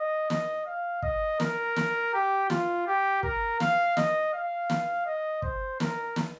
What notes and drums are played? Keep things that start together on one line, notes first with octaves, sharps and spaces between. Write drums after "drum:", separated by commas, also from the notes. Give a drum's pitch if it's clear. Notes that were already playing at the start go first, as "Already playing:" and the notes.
Already playing: D#5
D#5, drum: snare
F5
D#5, drum: kick
A#4, drum: snare
drum: snare
G4
F4, drum: snare
G4
A#4, drum: kick
F5, drum: snare
D#5, drum: snare
F5
drum: snare
D#5
C5, drum: kick
A#4, drum: snare
drum: snare